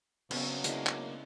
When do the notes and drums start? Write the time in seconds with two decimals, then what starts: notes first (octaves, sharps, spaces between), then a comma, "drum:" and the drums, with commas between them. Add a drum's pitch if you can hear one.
0.31 C#3 F#3 B3 C4, drum: cymbal
0.64 G#3 A#3 D4 E4, drum: hi-hat
0.87 drum: clap